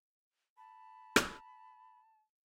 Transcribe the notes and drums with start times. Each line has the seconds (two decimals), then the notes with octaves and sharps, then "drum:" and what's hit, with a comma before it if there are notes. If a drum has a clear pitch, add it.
0.57 A5 B5
1.16 drum: rim click